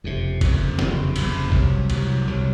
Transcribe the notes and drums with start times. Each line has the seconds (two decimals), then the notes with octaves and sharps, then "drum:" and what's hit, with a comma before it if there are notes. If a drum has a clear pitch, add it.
0.04 F#1 F2 C3
0.41 F#1 F2 C3, drum: kick G#1, cymbal
0.79 F#1 F2 C3, drum: snare
1.16 F#1 F2 C3, drum: cymbal
1.52 C2 C3 F#3, drum: kick G#1
1.90 C2 C3 F#3, drum: cymbal
2.27 C2 C3 F#3